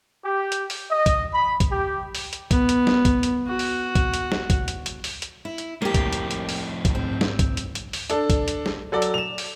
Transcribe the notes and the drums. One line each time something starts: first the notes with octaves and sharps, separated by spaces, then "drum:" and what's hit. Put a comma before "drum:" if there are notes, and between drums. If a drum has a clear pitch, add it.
G4
drum: hi-hat
drum: open hi-hat
D#5
drum: kick, hi-hat
B5
drum: kick, hi-hat
G4
drum: open hi-hat
drum: hi-hat
B3, drum: kick, hi-hat
drum: hi-hat
drum: snare
drum: kick, hi-hat
drum: hi-hat
F#4
drum: open hi-hat
drum: kick, hi-hat
drum: hi-hat
drum: snare
drum: kick, hi-hat
drum: hi-hat
drum: hi-hat
drum: open hi-hat
drum: hi-hat
E4
drum: hi-hat
F2 A2 A#3 G4
drum: kick, hi-hat
drum: hi-hat
drum: hi-hat
drum: open hi-hat
drum: kick, hi-hat
G#2 C4
drum: snare
drum: kick, hi-hat
drum: hi-hat
drum: hi-hat
drum: open hi-hat
D4 A4, drum: hi-hat
drum: kick, hi-hat
drum: hi-hat
drum: snare
F#3 A4 D5
drum: hi-hat
E7 F7
drum: open hi-hat